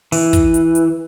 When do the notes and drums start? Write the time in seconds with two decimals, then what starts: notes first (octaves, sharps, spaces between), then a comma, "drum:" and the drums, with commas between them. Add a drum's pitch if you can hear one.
0.12 E3, drum: open hi-hat
0.33 drum: kick, hi-hat
0.54 drum: hi-hat
0.75 drum: hi-hat